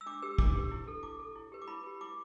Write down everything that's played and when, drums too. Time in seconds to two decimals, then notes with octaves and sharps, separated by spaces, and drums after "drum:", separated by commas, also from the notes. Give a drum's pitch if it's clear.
0.01 E6
0.06 D4 D6
0.22 G4 B4 E6
0.38 D4 D6, drum: kick
0.55 G4 B4
0.71 E4
0.88 A4
1.03 E4 D6
1.20 A4
1.35 E4
1.52 G4 B4
1.62 D6
1.68 E4 B5
1.84 G4 B4
2.01 E4 D6